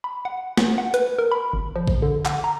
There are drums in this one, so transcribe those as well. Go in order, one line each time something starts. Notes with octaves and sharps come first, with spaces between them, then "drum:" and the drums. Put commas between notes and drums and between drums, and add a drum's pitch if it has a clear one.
B5
F#5
F#5, drum: snare
F#5
B4, drum: hi-hat
A#4
B5
G#1
F3
drum: kick
D3
F#5, drum: clap
A#5